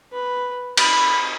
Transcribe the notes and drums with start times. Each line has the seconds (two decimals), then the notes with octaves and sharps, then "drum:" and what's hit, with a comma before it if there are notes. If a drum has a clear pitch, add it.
0.13 B4
0.77 B5, drum: cymbal